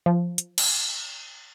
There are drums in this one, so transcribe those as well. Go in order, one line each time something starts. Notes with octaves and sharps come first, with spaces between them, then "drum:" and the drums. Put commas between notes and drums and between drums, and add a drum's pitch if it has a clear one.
F3
drum: hi-hat
drum: cymbal